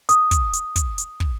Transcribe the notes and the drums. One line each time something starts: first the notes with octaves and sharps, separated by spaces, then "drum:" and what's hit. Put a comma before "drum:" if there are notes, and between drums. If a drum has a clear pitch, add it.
D#6, drum: hi-hat
drum: kick, hi-hat
drum: hi-hat
drum: kick, hi-hat
drum: hi-hat
drum: kick